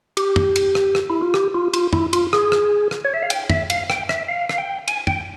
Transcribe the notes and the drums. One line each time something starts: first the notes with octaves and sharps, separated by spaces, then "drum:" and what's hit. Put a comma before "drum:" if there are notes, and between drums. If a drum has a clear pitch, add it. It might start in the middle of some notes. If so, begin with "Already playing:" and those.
G4, drum: cymbal
drum: tom
drum: cymbal
drum: rim click
drum: rim click
E4
F4
G4, drum: rim click
F4
F4, drum: cymbal
E4, drum: tom
F4, drum: cymbal
G#4, drum: rim click
drum: rim click
drum: rim click
C#5
E5
F5
G5, drum: cymbal
E5, drum: tom
F5, drum: cymbal
G5, drum: rim click
E5, drum: rim click
F5
F5, drum: rim click
G5
G#5, drum: cymbal
G5, drum: tom